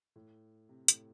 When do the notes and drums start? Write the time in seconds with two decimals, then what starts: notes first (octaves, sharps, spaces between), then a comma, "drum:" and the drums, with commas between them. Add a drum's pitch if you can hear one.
0.16 A2
0.69 C3
0.88 A2, drum: hi-hat